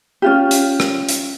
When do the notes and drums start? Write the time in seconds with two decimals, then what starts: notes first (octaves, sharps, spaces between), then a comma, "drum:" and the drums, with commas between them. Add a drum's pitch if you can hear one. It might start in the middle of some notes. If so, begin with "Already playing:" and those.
0.22 C#4 F4 G4
0.51 drum: hi-hat
0.80 drum: rim click
1.09 drum: hi-hat